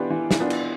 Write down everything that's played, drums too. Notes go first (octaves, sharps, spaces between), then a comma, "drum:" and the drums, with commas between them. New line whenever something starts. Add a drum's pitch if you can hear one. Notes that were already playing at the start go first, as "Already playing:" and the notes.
Already playing: E3 B3 D4 F4 G4 B4
E3
drum: snare
B3 D4 F4
drum: cymbal